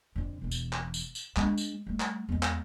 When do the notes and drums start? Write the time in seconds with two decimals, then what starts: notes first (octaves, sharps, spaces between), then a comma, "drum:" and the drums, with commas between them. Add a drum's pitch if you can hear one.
0.16 F2 D3
0.42 E1 E3
0.51 drum: tambourine
0.73 drum: clap
0.94 drum: tambourine
1.15 drum: tambourine
1.36 G#3 D4, drum: clap
1.58 drum: tambourine
1.87 G3 A3
2.00 drum: clap
2.29 E2 G#3
2.43 drum: clap